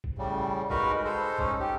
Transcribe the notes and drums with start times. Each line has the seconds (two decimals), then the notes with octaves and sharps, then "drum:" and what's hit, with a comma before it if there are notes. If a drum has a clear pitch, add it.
0.04 drum: kick A1
0.18 A2 C#3 G3
0.70 G#3 D#4 F#4 A#4 B4, drum: kick A1
1.05 G#3 A4 C5
1.39 C#4 D#4, drum: kick A1
1.60 G4